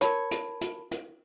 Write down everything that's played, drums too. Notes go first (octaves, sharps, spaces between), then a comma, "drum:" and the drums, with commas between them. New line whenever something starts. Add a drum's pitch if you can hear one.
A#4 C#5 A5 B5, drum: hi-hat
drum: hi-hat
drum: hi-hat
drum: hi-hat